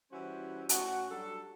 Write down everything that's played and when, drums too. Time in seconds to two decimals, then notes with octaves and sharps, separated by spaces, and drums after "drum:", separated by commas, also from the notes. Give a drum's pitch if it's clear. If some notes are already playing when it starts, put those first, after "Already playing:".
0.12 E3 G3 C#4 F#4 C5
0.69 A2 C#4 F#4, drum: hi-hat
1.10 F#3 G3 D4 A4